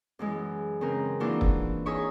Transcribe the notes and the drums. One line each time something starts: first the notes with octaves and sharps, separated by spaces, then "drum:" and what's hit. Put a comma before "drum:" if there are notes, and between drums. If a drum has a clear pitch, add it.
F#2 E3 G#3
C#3 C4 A#4
E3 A#3 D4 F4 F#4
drum: kick
D#4 G#4 C#5 E5 C#6